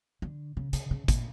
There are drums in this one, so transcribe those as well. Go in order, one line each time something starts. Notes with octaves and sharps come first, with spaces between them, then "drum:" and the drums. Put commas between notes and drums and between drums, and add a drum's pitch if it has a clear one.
D3
C#3
C#3, drum: hi-hat
C#3
A#2, drum: kick, hi-hat